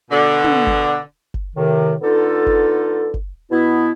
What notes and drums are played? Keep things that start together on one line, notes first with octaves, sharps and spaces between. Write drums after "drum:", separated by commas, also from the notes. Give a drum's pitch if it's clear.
B2 D3
drum: tom
drum: kick F#1
drum: kick F#1
A2 C3 D#3
D3 B3 D#4 F4 A4
drum: kick F#1
drum: kick F#1
B2 B3 E4